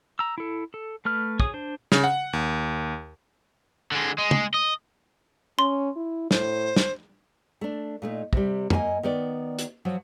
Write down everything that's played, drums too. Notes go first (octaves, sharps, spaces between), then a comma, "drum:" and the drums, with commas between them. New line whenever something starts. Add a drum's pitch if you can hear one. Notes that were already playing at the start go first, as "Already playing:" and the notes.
A#5 E6
E4 A4
A4
A3 B4 F6
G#4 C#5 D#6, drum: kick
D4 C5
C#3, drum: snare
F#5
D#2
D3 G#3
G#3
drum: tom
D#5
C#4 C6
E4
A2 C5, drum: snare
drum: snare
A3 D4
A#2 A3 D#4
C3 G3, drum: kick
F#2 A#3 C#4 G4 D#5 G#5, drum: tom
D#3 B3 D5
drum: hi-hat
F3 F#3